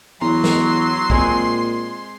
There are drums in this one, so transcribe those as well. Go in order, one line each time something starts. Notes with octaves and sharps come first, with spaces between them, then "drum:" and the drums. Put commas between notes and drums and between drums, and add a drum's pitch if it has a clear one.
E2 F#3 A#5 C6
drum: snare
A#2 G#3 C4 G#5, drum: kick